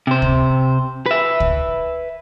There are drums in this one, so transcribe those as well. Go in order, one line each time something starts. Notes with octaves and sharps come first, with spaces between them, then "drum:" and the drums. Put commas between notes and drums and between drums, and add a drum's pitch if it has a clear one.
C3 C5
drum: kick
B4 E5
drum: kick